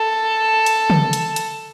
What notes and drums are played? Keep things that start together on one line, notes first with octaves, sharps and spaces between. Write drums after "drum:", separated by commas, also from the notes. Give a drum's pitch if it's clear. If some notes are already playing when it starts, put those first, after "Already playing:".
Already playing: A4
drum: hi-hat
drum: tom C#3
drum: hi-hat
drum: hi-hat